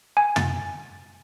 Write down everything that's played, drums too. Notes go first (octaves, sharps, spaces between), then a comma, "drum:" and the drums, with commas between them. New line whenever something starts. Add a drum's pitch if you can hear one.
G#5
A6, drum: tom